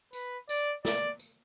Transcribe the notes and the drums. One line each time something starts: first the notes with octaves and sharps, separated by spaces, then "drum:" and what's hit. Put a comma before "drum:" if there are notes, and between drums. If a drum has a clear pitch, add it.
B4, drum: tambourine
D5, drum: tambourine
D5, drum: snare
drum: tambourine